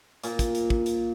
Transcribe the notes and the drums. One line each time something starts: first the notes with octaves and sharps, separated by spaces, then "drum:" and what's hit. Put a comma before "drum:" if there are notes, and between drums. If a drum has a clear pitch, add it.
A#2, drum: hi-hat
drum: kick, hi-hat
drum: hi-hat
drum: kick
drum: hi-hat